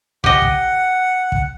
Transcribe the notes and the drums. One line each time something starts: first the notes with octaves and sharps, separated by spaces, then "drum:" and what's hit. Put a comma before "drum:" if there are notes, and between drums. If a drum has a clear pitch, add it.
G4 D#5 F#5, drum: kick
drum: kick
drum: kick